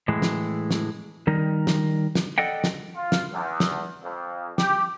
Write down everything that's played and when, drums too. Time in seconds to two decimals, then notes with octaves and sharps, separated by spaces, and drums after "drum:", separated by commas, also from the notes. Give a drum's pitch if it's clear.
0.08 A2 E3 G#3
0.22 drum: snare
0.71 drum: snare
1.27 D#3 G3 D#4 A#4
1.67 drum: snare
2.15 drum: snare
2.38 A4 D5 D#5 F#5 G5
2.64 drum: snare
2.96 F4
3.12 drum: snare
3.32 E2
3.60 drum: snare
4.03 F2
4.58 G4, drum: snare